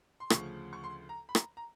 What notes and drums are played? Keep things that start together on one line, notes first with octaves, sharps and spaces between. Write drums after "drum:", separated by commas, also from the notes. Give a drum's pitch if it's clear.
C6
D2 C#3 F3 C#6, drum: rim click
C#6
C6
A#5
B5
A#5, drum: rim click
A#5